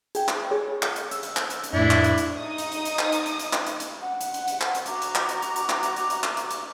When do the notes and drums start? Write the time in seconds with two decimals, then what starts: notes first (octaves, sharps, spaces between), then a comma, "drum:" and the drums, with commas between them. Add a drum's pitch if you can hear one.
0.15 G#4 G5, drum: hi-hat
0.28 drum: clap
0.51 G#4 C#5
0.82 drum: clap
0.96 drum: hi-hat
1.11 E6, drum: hi-hat
1.23 drum: hi-hat
1.37 drum: clap
1.50 drum: hi-hat
1.64 drum: hi-hat
1.73 F2 A2 D4 E4
1.91 drum: clap
2.04 drum: hi-hat
2.18 drum: hi-hat
2.37 D#4 D#6
2.58 drum: hi-hat
2.72 drum: hi-hat
2.85 drum: hi-hat
2.99 drum: clap
3.12 drum: hi-hat
3.26 drum: hi-hat
3.39 drum: hi-hat
3.53 drum: clap
3.67 drum: hi-hat
3.80 drum: hi-hat
4.01 F#5
4.21 drum: hi-hat
4.34 drum: hi-hat
4.48 drum: hi-hat
4.61 drum: clap
4.75 drum: hi-hat
4.86 F#4 A#5 D6, drum: hi-hat
5.02 drum: hi-hat
5.15 drum: clap
5.29 drum: hi-hat
5.42 drum: hi-hat
5.56 drum: hi-hat
5.69 drum: clap
5.83 drum: hi-hat
5.96 drum: hi-hat
6.10 drum: hi-hat
6.24 drum: clap
6.37 drum: hi-hat
6.51 drum: hi-hat